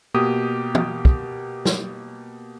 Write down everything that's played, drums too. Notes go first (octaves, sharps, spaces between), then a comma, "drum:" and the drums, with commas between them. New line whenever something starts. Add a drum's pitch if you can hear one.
B2 A#3 G4 D#6
drum: tom
drum: kick
drum: snare